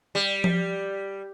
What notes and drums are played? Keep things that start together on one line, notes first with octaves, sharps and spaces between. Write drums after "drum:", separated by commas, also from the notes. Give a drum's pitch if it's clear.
G3
drum: tom F3